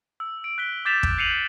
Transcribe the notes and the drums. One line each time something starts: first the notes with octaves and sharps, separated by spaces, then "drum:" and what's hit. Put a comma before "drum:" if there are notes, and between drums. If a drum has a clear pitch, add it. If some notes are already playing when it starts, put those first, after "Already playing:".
E6
D7
F#6 B6 G7
D6 G6 A6 B6 E7 F7
drum: kick
G6 C7 C#7 D#7 F7 F#7